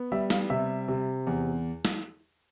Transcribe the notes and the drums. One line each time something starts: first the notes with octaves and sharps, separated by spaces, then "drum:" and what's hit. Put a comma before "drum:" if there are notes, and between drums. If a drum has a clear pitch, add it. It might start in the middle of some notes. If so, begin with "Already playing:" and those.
Already playing: B3
G3 E5
F5, drum: snare
C3 E5
C3
E2
drum: snare